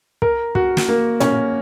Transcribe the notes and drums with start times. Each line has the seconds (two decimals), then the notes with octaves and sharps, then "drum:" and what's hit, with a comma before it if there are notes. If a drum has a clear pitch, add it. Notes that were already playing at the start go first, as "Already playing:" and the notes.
0.22 A#4, drum: kick
0.55 F#4, drum: kick
0.77 drum: snare
0.88 A#3
1.20 C#4, drum: tom